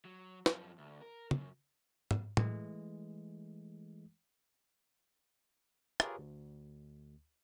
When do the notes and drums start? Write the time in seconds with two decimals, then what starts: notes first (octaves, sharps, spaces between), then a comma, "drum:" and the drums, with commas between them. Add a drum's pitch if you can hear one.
0.05 F#3
0.46 F#2 F3, drum: snare
0.78 D2
1.02 A#4
1.31 F#2, drum: tom
2.11 drum: tom
2.37 E3 G#3 A3, drum: tom A2
6.00 F4 G4 G#4 A#4 B4 C#5, drum: rim click
6.18 D2